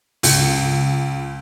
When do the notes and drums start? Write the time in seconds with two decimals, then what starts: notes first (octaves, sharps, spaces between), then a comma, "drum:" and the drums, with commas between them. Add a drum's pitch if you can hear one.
0.23 C#2, drum: open hi-hat